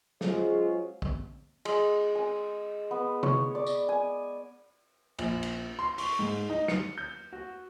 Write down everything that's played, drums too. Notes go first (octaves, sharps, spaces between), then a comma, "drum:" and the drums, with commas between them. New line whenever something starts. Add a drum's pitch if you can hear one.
F#3 G#3 C#4 F4 G#4 C5, drum: snare
drum: kick
G#3, drum: cymbal
G#5
B3
C#5, drum: tom C3
D5
drum: tambourine
G#5
A#1, drum: cymbal
drum: cymbal
C6
C#6, drum: open hi-hat
G#2
D#4
C#7, drum: snare
G6
F#4